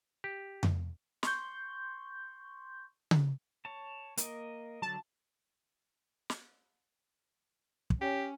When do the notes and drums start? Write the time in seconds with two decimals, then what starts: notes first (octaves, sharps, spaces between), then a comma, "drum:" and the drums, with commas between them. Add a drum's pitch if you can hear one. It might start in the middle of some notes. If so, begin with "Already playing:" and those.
0.24 G4
0.63 drum: tom F2
1.23 C6 C#6 G6, drum: snare
3.11 drum: tom C#3
3.65 C#5 A5
4.17 A#3 A#4 D#5, drum: hi-hat
4.82 D3 F#3 A5
6.30 drum: snare
7.90 drum: kick
8.01 C#4 G4